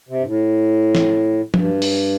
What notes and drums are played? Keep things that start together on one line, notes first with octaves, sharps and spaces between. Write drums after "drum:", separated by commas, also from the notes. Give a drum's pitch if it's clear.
C3
G2
A2
drum: snare
G2, drum: tom F3
drum: open hi-hat